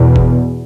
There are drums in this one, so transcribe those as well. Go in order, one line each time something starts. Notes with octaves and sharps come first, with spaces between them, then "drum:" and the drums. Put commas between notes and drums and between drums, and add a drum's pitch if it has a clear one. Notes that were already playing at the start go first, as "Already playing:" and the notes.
Already playing: E2 B2
drum: kick F#1